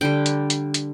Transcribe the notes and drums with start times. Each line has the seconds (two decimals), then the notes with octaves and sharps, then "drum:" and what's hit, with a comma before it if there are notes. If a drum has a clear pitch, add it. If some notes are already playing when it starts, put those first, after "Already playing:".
0.01 D3 G3 G5
0.26 drum: hi-hat
0.50 drum: hi-hat
0.74 drum: hi-hat